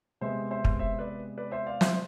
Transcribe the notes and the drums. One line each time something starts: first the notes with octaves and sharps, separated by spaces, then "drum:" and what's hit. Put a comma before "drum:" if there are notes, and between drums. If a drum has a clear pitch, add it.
C3 G#3 B3 C5 E5
C5 E5
drum: kick
C5 E5
B4 D5
B4 D5
C5 E5
D5 F5
C5 E5, drum: snare